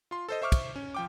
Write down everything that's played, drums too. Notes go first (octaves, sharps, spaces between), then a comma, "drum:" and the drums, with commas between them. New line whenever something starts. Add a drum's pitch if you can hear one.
F4 C6
A4 C5 D#5
C5 E5 C#6 D6 F6
drum: kick, cymbal
C#4
F3 G5 D6